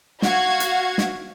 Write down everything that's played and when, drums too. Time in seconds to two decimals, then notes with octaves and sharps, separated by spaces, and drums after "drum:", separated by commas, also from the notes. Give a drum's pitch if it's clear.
0.22 F#4 F5 F#5 G#6, drum: snare
0.60 drum: hi-hat
0.98 drum: snare